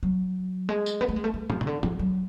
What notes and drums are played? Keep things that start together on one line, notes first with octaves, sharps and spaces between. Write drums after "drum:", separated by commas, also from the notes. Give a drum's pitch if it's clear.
F#3
G#3
drum: tambourine
B3
A3
G#3
A3
G#3
F3, drum: tom
C#3, drum: tom
D3
F3, drum: tom
F#3